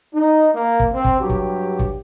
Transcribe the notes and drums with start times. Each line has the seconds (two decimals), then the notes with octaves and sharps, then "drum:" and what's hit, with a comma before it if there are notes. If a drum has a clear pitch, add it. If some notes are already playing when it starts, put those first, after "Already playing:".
0.14 D#4
0.55 A#3
0.80 drum: kick
0.92 C4
1.05 drum: kick
1.20 G2 F#3 G4
1.29 drum: kick
1.79 drum: kick